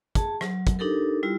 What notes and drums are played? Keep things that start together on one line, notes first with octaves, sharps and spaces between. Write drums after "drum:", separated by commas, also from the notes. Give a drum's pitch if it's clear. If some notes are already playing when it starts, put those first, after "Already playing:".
G#4 A5, drum: kick, hi-hat
F#3, drum: rim click
drum: kick, hi-hat
D4 D#4 G4 A4 A#4
G3 E4 F4 G4